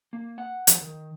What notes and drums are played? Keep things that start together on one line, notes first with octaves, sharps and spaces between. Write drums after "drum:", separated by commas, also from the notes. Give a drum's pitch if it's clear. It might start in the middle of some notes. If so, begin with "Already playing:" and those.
A#3
F#5
F3, drum: hi-hat
D#3